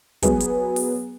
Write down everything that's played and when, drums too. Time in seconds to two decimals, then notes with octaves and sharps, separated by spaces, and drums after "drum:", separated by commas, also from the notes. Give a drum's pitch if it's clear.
0.22 F#3 B3 G#4, drum: kick, hi-hat
0.40 drum: hi-hat
0.76 drum: open hi-hat